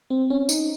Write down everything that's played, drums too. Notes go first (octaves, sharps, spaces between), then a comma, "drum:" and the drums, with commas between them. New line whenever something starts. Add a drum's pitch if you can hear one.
C4
C#4
D#4, drum: tambourine